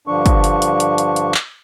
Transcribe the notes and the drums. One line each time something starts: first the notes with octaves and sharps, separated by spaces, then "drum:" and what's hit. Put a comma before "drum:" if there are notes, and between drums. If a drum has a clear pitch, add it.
G2 D3 F3 D4 C#6
drum: kick, hi-hat
drum: hi-hat
drum: hi-hat
drum: hi-hat
drum: hi-hat
drum: hi-hat
drum: clap